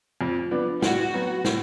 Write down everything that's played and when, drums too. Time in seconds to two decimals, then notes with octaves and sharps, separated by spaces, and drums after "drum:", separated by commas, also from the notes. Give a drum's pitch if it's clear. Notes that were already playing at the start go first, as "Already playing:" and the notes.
0.21 F2
0.51 F3 B3 D4
0.82 A2 F#4, drum: snare
1.14 F#3 B3
1.45 A2, drum: snare